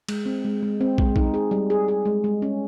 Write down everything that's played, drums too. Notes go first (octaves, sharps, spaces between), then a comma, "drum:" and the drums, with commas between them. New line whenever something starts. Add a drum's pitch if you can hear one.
G#3, drum: cymbal
C4
G#3
G#3
C4
G#3, drum: kick
D#4, drum: kick
G#4
G3
G#4
G#4
G#3
G#3
C#4